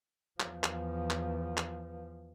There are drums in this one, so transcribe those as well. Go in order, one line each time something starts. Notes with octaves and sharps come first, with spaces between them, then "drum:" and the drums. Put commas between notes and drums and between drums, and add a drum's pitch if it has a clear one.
E2 F3, drum: clap
drum: clap
drum: clap
drum: clap